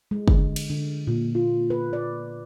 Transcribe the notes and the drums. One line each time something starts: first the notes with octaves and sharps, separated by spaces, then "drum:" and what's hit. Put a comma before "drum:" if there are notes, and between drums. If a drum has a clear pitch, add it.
G#3
D3, drum: kick
drum: cymbal
D3
A#2
F4
B4
D5